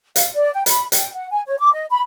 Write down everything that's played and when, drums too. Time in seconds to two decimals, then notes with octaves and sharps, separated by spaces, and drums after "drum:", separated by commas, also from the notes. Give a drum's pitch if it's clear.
0.16 F5, drum: hi-hat
0.34 D5
0.53 G5
0.66 B5, drum: hi-hat
0.92 G5, drum: hi-hat
1.14 F#5
1.31 G#5
1.47 C#5
1.59 D6
1.72 D#5
1.90 B5